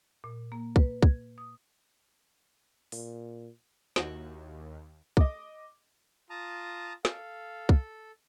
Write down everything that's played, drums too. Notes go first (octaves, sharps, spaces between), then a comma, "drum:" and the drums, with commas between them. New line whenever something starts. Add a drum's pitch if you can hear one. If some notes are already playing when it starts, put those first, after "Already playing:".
A#2
A#3
B4, drum: kick
G#6, drum: kick
D#6
A#2, drum: open hi-hat
D#2 D#4 E4 F#4, drum: snare
D#5 D6, drum: kick
F4 A5 A#5 D#6
A4 F5, drum: snare
drum: kick